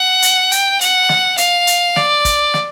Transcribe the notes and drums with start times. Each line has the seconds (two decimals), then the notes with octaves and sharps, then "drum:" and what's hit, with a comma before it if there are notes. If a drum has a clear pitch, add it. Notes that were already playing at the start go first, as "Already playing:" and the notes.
Already playing: F#5
0.22 drum: hi-hat
0.51 G5, drum: hi-hat
0.81 F#5, drum: hi-hat
1.09 drum: snare
1.37 F5, drum: hi-hat
1.67 drum: hi-hat
1.96 D5, drum: snare
2.25 drum: kick, hi-hat
2.54 drum: snare